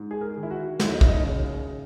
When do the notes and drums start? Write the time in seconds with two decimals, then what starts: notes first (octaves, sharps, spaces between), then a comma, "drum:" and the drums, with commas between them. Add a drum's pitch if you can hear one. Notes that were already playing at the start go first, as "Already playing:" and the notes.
Already playing: G#2
0.11 G#4
0.21 A#4
0.36 D#3
0.43 E4
0.51 F#4
0.80 D#2 F#4, drum: snare
0.87 E4
0.94 D#4
1.01 E4, drum: kick
1.09 D#4
1.24 C#3